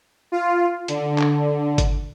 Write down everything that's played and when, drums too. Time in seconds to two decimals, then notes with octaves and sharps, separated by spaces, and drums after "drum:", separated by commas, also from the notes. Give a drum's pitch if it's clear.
0.32 F4
0.88 D3, drum: hi-hat
1.18 drum: clap
1.78 drum: kick G1, hi-hat